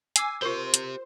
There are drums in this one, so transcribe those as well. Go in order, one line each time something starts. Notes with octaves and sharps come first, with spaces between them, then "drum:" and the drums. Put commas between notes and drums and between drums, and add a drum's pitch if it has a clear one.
G#5 D6 E6 C7, drum: hi-hat
F4 G4 A#4 C5 C6
drum: hi-hat